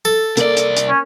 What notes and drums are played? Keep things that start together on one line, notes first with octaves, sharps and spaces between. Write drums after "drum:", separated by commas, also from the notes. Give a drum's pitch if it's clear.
A4
C2 A#3 D5, drum: hi-hat
drum: hi-hat
drum: hi-hat
C#4